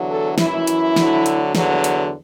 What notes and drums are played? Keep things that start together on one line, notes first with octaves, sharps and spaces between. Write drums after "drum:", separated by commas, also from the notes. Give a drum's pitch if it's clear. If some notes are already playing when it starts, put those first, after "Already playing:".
Already playing: E2 D3 F#3
A4
F#2 E3 E4, drum: snare
drum: hi-hat
D2 D3 F#3, drum: snare
drum: hi-hat
E2 D3 F#3, drum: snare
drum: hi-hat